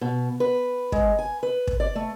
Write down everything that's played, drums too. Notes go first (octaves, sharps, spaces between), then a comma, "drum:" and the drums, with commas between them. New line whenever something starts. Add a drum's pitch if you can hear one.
B2
B4
G#3, drum: kick
G#5
B4
drum: kick
D5
A3